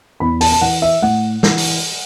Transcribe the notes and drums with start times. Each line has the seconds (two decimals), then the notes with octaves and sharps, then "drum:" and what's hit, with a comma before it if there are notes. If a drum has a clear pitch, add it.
0.20 E2 B5
0.41 A5, drum: open hi-hat
0.52 A5
0.61 E3 F#5
0.82 E5
1.02 A2 F#5
1.43 E3, drum: snare
1.58 drum: open hi-hat